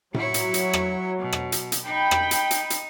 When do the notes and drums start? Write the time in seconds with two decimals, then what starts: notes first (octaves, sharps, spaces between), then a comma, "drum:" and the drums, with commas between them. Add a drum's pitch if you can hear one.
0.14 F#3 E4 C#5, drum: tom A2
0.34 drum: hi-hat
0.54 drum: hi-hat
0.73 drum: rim click
1.19 B2
1.33 drum: rim click
1.52 drum: hi-hat
1.72 drum: hi-hat
1.86 D#4 G5 B5
2.11 drum: rim click
2.31 drum: hi-hat
2.51 drum: hi-hat
2.70 drum: hi-hat